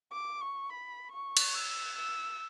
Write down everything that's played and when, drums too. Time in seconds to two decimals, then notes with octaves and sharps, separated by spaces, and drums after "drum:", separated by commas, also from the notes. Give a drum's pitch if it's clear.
0.12 D6
0.41 C#6
0.70 B5
1.12 C#6
1.37 drum: cymbal
1.54 E6
1.97 E6